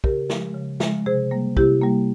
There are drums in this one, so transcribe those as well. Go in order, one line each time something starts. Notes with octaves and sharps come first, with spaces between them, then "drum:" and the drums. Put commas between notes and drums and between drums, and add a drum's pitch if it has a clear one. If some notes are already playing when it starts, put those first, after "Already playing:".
C#3 G4 A#4, drum: kick
F3 G#3, drum: snare
C#3
F3 G#3, drum: snare
C3 G#4 C5
G3 A#3
C3 E4 G4, drum: kick
G3 A#3